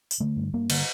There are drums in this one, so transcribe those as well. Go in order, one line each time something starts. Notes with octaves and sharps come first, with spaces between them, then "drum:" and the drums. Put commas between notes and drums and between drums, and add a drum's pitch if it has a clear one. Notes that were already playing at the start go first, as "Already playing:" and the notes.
drum: tambourine
D3 A3
G2
G2 A#3
D3, drum: cymbal